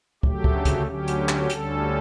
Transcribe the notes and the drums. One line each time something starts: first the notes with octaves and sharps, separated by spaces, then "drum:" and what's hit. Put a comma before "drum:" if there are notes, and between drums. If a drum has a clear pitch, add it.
D2 C#3 F#3 A3 G4, drum: kick
drum: kick
drum: kick, hi-hat
D2 D3 F#3 C#4 G4
drum: hi-hat
drum: clap
D2 D3 G3 C#4 A4, drum: hi-hat